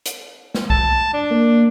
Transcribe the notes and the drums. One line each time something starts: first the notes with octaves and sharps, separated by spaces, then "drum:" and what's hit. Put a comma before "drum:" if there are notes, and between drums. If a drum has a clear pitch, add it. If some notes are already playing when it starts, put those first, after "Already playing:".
drum: hi-hat
drum: snare
A5, drum: kick B1
D4
A#3